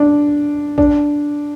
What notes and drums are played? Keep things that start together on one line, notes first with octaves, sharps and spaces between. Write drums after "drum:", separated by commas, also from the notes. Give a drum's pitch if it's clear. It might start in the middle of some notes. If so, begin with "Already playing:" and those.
Already playing: D4
D4, drum: kick A#1